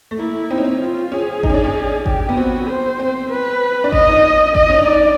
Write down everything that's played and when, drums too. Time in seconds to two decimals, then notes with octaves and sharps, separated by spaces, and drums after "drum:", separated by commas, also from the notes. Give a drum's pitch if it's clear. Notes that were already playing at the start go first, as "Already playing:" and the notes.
0.11 A3
0.19 A#3 E4
0.50 C4 D#4
0.58 C#4
0.64 C4
0.81 F4
1.12 C#4 G#4
1.43 D#4, drum: kick G#1
1.50 C#4
1.54 D4
1.64 C#4
2.06 G4, drum: kick G#1
2.29 B3
2.37 C4 F#4
2.68 C5
3.00 C4
3.30 B4
3.84 D4
3.92 C#4 D#5, drum: kick G#1
4.08 D#4
4.55 D#5, drum: kick G#1
4.70 C#4
4.78 D4
4.85 D#4 D5